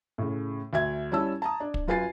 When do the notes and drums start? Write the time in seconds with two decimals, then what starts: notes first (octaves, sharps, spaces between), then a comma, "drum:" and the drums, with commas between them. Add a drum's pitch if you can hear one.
0.18 A2 C#3
0.73 D2 E5 G#6
1.12 G3 C#4 E4 A5 E6
1.42 A5 A#5 D#6
1.60 D4
1.74 drum: kick
1.88 F#2 F4 B4 G#5 A6 C7